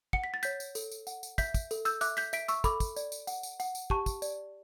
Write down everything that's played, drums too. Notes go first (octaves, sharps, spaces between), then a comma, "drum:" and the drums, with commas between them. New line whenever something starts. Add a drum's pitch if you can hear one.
F#5 C#7, drum: kick
B6
A6
C#5 G6 B6, drum: tambourine
drum: tambourine
A4, drum: tambourine
drum: tambourine
F#5, drum: tambourine
drum: tambourine
E5 G6 B6, drum: kick, tambourine
drum: kick, tambourine
A4, drum: tambourine
E6 G6, drum: tambourine
E5 D6 F#6, drum: tambourine
G6 B6, drum: tambourine
E5 B6 D7, drum: tambourine
C#6 E6, drum: tambourine
A4 B5 D6, drum: kick, tambourine
drum: kick, tambourine
D5, drum: tambourine
drum: tambourine
F#5, drum: tambourine
drum: tambourine
F#5, drum: tambourine
drum: tambourine
G4 A5 C#6, drum: kick
drum: kick, tambourine
D5, drum: tambourine